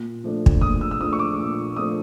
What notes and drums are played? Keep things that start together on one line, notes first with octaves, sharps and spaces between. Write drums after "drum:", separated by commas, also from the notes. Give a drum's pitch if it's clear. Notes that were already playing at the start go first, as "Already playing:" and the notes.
Already playing: A#2
F3 A3 D4
drum: kick
A#2 D#6
E6
E6
F3 A3 D4 D#6
C#6
D6
A#2
F3 A3 D4 D#6